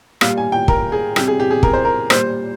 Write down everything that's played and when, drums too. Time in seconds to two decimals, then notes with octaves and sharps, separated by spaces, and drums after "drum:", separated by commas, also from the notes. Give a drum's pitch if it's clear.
0.21 A#2 G3 F5, drum: rim click
0.38 G#5
0.52 G5
0.68 A#4, drum: kick
0.92 G#4
1.16 C3 G3 G4, drum: rim click
1.28 G#4
1.40 G4
1.51 G#4
1.63 A#4, drum: kick
1.73 C5
1.85 A#4
2.10 A#2 G3 C5, drum: rim click